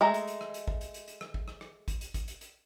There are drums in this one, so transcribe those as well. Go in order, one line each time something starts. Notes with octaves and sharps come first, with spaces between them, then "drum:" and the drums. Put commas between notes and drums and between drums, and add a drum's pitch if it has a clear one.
G#3 A3 A#5
drum: hi-hat
drum: hi-hat
drum: rim click
drum: hi-hat
drum: kick
drum: hi-hat
drum: hi-hat
drum: hi-hat
drum: rim click
drum: kick
drum: rim click
drum: rim click
drum: kick, hi-hat
drum: hi-hat
drum: kick, hi-hat
drum: hi-hat
drum: hi-hat